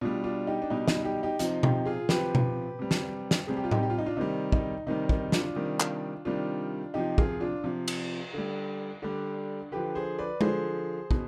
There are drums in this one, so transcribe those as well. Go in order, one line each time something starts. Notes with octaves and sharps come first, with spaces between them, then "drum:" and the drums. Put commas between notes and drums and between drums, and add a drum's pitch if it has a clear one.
B2 G3 D4 F4
D4 F4
D#4 G4
D4
B2 G3 D#4
D#4, drum: snare
D#4 G4
D#4 G4
C3 F3 D#4, drum: hi-hat
D#4 G4, drum: tom B2
F4 G#4
C3 F3 G4 B4, drum: snare
drum: tom B2
C3 G3
drum: snare
drum: snare
C3 G3 G#4
G4
F4
D#4 G4, drum: tom A2
G4
F4
D#4
D4 F4
C3 D#3 G3 D#4
D#4, drum: kick
C3 D#3 G3 D#4
D#4, drum: kick
D4 F4, drum: snare
C3 D#3 G3
drum: clap
C3 D#3 G3 D4 F4
C3 F3 D#4 G4
F4 G#4, drum: kick
D4 F4
C3 F3
drum: cymbal
D3 G3
D3 G3 D4
D3 F3 G4 B4
G#4 C5
B4 D5
D3 F3 G#4 C5, drum: tom G#3
B2, drum: kick